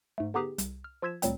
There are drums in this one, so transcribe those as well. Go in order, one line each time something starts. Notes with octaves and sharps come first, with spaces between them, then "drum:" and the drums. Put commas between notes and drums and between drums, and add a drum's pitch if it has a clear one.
G#2 A3
D3 B3 D#4 G4 G#4 B4
C2, drum: hi-hat
F6
F3 F4 E6 G#6 B6 E7
D2 A#2 F#3 G3 C4, drum: hi-hat